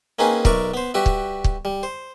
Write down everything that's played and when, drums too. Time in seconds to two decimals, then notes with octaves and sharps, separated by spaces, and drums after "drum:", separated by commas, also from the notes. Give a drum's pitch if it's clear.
0.19 A#3 C4 C#4 D#4 G#4 B4
0.45 B1 A#4 B4 D5 E5 C#6, drum: kick
0.74 B3 C5
0.94 G3 F#4 G4 B4 E5
1.06 drum: kick
1.44 drum: kick
1.65 G3
1.83 C5